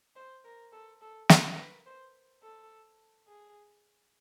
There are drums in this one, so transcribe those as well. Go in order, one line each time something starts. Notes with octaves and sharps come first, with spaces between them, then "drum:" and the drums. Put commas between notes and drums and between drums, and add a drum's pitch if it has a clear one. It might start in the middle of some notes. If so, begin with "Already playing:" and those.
C5
A#4
A4
A4
A#4, drum: snare
B4
C5
A4
G#4